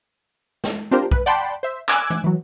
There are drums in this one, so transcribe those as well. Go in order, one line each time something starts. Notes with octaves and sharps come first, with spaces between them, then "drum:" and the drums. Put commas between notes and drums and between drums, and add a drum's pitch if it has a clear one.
drum: snare
C4 D4 F4 G4 A#4 C5
B4, drum: kick
D5 F#5 G5 A5 B5 C6
C5 E5
G#5 D6 E6 F#6 G#6, drum: clap
drum: tom E3
E3 F#3